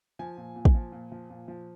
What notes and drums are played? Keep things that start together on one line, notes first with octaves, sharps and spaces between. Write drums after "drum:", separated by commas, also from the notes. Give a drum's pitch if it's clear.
F3 G#5
A#2
A#2
drum: kick
F3
A#2
F3
A#2
F3